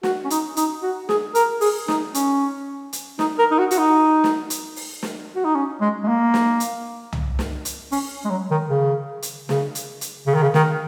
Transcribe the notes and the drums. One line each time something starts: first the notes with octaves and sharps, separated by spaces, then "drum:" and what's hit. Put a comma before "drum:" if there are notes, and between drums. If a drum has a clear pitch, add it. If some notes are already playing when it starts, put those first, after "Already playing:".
F#4, drum: snare
C#4
D#4, drum: hi-hat
D#4, drum: hi-hat
F#4
G#4, drum: snare
A#4, drum: hi-hat
G#4, drum: open hi-hat
D#4, drum: snare
C#4, drum: hi-hat
drum: hi-hat
D#4, drum: snare
A#4
D#4
F#4
F#4, drum: hi-hat
D#4
drum: snare
drum: hi-hat
drum: open hi-hat
drum: snare
F#4
D#4
C#4
G#3
G#3
A#3
drum: snare
drum: hi-hat
drum: tom
drum: snare
drum: hi-hat
C#4, drum: open hi-hat
G#3
F#3
D#3
C#3
drum: hi-hat
C#3, drum: snare
drum: hi-hat
drum: hi-hat
C#3
D#3
C#3
D#3, drum: snare